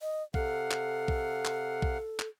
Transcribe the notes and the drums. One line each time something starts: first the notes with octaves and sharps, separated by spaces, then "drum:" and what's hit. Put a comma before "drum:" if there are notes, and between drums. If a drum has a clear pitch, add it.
D#5
C3 A4 F5 F#5, drum: kick B1
drum: clap
drum: kick B1
drum: clap
drum: kick B1
drum: clap